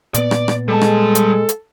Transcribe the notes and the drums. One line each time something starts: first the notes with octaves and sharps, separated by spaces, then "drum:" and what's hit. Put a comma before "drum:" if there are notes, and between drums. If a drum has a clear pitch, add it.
A#2 B3 D5, drum: hi-hat
drum: rim click
drum: rim click
G3 G#3 A4 A5
drum: rim click
drum: hi-hat
drum: hi-hat